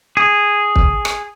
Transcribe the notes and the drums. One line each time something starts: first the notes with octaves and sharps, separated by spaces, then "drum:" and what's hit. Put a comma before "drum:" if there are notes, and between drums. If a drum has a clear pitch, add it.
G#4
drum: kick
drum: rim click